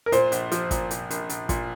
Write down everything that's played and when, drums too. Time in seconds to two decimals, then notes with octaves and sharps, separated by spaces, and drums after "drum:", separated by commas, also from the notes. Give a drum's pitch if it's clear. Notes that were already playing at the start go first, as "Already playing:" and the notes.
0.06 A#4
0.12 A#2 C5, drum: hi-hat
0.32 A#1, drum: hi-hat
0.52 F3, drum: hi-hat
0.71 A#2, drum: kick, hi-hat
0.91 A#2, drum: hi-hat
1.11 A#1, drum: hi-hat
1.29 A#1, drum: hi-hat
1.49 A#2, drum: kick, hi-hat